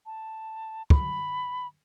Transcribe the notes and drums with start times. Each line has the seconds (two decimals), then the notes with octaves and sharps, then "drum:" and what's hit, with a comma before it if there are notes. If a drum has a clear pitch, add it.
0.06 A5
0.90 B5, drum: kick